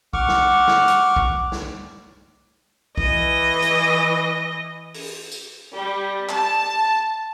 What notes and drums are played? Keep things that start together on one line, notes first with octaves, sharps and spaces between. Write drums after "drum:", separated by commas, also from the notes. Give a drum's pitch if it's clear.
F#5 C#6 D6 F6, drum: kick B1
drum: snare
drum: snare
drum: hi-hat
drum: kick B1
drum: snare
E3 D#5, drum: kick B1
drum: hi-hat
drum: open hi-hat
drum: tambourine
G3
A5, drum: clap